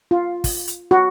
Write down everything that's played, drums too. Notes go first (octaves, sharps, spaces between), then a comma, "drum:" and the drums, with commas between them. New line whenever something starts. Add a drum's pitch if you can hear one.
F4
drum: kick, open hi-hat
drum: hi-hat
F#4